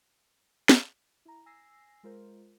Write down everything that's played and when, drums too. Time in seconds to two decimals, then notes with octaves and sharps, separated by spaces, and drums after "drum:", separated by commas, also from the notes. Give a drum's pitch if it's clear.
0.69 drum: snare
1.25 E4 A#5
1.46 G#5 E6 A#6 C7
2.03 G#3 F4 A#4 C5